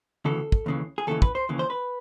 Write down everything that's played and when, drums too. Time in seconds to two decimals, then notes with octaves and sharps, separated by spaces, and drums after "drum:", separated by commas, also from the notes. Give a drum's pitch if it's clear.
0.25 D2 C#3 E3 A4
0.52 drum: kick
0.66 D#2 C#3 E3
0.98 G#4
1.07 D#2 C#3 E3 A4
1.22 B4, drum: kick
1.35 C5
1.49 D#2 C#3 E3
1.59 C5
1.70 B4